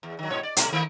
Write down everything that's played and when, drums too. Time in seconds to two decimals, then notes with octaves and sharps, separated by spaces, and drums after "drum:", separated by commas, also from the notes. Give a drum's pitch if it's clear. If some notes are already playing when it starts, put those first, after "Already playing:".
0.03 E2
0.19 D#3 F#3
0.30 G#2 B2 C#5
0.43 D5
0.56 B2 A3, drum: hi-hat
0.72 D#3 A3 A#3